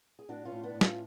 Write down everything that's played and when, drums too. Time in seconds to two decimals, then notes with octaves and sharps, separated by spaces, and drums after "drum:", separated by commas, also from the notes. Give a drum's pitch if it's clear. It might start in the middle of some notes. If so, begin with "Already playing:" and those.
0.19 G#4
0.29 A2 D4 F#4
0.45 C#4 F4
0.52 A2
0.63 B3 D4
0.74 A2
0.81 C#4 F4, drum: snare